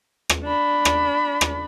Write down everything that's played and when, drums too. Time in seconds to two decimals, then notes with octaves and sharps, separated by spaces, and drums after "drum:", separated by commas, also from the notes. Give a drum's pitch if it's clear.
0.29 drum: rim click
0.43 D4 B5
0.85 drum: rim click
1.41 drum: rim click